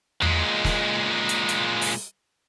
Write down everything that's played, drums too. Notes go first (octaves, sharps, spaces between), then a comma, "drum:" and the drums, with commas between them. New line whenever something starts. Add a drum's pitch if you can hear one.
A#2 G#3, drum: tom E2
drum: snare
drum: hi-hat
drum: hi-hat
drum: open hi-hat